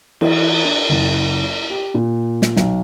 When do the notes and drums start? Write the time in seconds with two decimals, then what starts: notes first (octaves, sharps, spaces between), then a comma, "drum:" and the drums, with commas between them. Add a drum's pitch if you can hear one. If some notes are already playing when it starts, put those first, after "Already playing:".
0.21 E3, drum: cymbal
0.64 D4
0.89 F#1
1.70 G4
1.94 A#2
2.42 drum: snare
2.57 B1, drum: snare